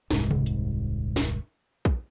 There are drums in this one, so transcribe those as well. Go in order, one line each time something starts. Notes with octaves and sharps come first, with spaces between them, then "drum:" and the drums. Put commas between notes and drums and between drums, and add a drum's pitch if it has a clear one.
D#1 C2 G#2, drum: snare
drum: tom C3
drum: hi-hat
drum: snare
drum: kick